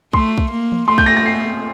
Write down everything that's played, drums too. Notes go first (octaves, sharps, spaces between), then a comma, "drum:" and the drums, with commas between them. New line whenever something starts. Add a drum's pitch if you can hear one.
A3 C6, drum: kick
drum: kick
A#3
drum: tom E3
A3 C6
G6, drum: kick
A#6
A#6
C7